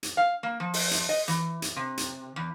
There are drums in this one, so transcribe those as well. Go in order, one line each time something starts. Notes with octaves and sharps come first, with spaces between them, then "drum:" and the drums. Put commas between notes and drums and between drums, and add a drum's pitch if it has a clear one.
drum: hi-hat
F5
A#3
F3
drum: open hi-hat
drum: hi-hat
D#5
E3, drum: hi-hat
drum: hi-hat
C3
drum: hi-hat
E2